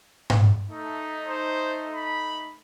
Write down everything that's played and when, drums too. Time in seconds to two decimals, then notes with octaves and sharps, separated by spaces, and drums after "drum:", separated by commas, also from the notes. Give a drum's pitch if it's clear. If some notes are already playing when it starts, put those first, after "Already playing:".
0.30 drum: tom G#2
0.71 A3 D#4
1.27 C5
1.94 B5